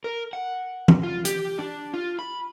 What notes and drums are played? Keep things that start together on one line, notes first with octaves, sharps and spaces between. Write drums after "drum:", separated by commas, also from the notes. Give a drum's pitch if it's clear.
A#4
F#5
drum: tom E3
F4
G4, drum: hi-hat
D4
F4
B5